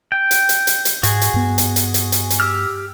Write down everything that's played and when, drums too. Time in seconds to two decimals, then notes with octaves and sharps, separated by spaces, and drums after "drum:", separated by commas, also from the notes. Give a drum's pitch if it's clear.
0.12 G5
0.31 drum: hi-hat
0.49 drum: hi-hat
0.67 drum: hi-hat
0.85 drum: hi-hat
1.03 G#2 F#4 G#4, drum: hi-hat
1.21 drum: hi-hat
1.34 G2 B3
1.58 drum: hi-hat
1.76 drum: hi-hat
1.94 drum: hi-hat
2.12 drum: hi-hat
2.30 drum: hi-hat
2.40 G4 E6 F6